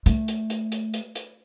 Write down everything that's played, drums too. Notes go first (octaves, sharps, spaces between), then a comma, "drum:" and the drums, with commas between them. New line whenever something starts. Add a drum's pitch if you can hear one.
A3, drum: hi-hat
drum: hi-hat
drum: hi-hat
drum: hi-hat
drum: hi-hat
drum: hi-hat